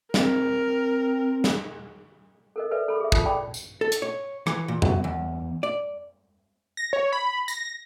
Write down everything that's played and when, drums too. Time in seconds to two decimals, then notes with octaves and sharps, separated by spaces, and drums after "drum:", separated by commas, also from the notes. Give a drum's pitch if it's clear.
0.14 C4 A#4, drum: snare
1.44 drum: snare
2.56 A4 A#4 D#5
2.71 A4 B4 D5 E5
2.88 A4 B5 D6
3.00 G#4 E5
3.12 D#4 F4 D#6, drum: kick
3.25 D5 G5 B5 D6
3.54 drum: tambourine
3.81 A4
3.92 drum: hi-hat
4.02 C#5
4.47 E3, drum: rim click
4.68 A#2
4.82 B2, drum: tom F2
5.04 E2
5.63 D5
6.77 A#6
6.93 C#5
7.12 B5
7.48 A#6, drum: tambourine